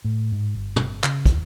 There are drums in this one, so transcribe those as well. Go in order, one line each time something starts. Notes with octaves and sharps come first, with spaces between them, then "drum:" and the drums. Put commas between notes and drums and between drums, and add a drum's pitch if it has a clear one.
A2
G#2
G1
drum: tom
C#3, drum: clap
D#2, drum: kick, hi-hat